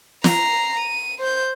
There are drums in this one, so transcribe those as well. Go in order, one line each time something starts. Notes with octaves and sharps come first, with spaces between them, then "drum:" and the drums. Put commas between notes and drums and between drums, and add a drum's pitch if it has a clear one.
A#5 C7, drum: snare
D#7
C5 G6